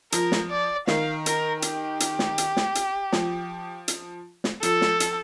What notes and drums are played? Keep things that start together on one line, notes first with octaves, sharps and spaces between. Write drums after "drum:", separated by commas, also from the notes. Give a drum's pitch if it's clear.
F3 A#4, drum: hi-hat
drum: snare
D5
D#3 F5, drum: snare
A#4, drum: hi-hat
G4, drum: hi-hat
drum: hi-hat
drum: snare
drum: hi-hat
drum: snare
drum: hi-hat
F3, drum: snare
drum: hi-hat
drum: snare
F3 A4, drum: hi-hat
drum: snare
drum: hi-hat